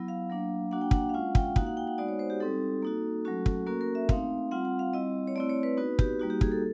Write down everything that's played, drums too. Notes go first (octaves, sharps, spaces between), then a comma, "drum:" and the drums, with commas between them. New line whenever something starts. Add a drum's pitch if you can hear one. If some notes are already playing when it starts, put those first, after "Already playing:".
Already playing: F#3 B3 E4
F5
F#3 A#3 D4
A#3 D4 F#4 F#5
G5
F#5, drum: kick
F5
G#3 C#4 F4 F#5
G5, drum: kick
A#3 D#4 F#4 F5, drum: kick
F#5
G5
F#5
G#3 B3 D#4 F#4 D5
C#5
C5
G4
G3 C4 D#4 A4
A#3 D#4 F#4
F#3 A3 C#4 F#4
drum: kick
A#3 C#4 F#4 A#4
A#4
E5
A3 C4 D#4 F5, drum: kick
G3 C4 F4 F#5
F#5
F5
G3 C4 E4 D#5
C#5
A3 C4 E4 D5
C#5
B4
B3 D#4 F#4 B4
G4, drum: kick
G3 A#3 D#4 F#4
G4
G#4, drum: kick
A4